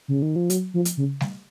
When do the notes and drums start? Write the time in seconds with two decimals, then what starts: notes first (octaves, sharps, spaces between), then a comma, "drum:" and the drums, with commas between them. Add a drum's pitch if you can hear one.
0.08 C#3
0.22 D#3
0.36 F3
0.50 F#3, drum: hi-hat
0.74 F3
0.85 drum: hi-hat
0.97 C#3
1.21 drum: snare G3